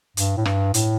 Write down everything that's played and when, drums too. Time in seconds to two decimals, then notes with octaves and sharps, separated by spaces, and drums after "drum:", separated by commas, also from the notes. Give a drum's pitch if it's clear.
0.17 G2, drum: hi-hat
0.37 A2
0.45 G2, drum: rim click
0.74 A2, drum: hi-hat